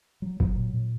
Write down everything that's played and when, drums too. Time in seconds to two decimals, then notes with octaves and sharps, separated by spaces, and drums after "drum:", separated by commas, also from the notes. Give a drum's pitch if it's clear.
0.22 F#3
0.40 F#3, drum: kick G1
0.56 A#2
0.73 A#2